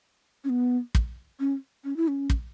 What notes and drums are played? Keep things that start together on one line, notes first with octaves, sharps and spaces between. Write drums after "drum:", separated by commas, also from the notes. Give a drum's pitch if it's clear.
C#4
B3
drum: kick
C#4
C#4
E4
C#4
drum: kick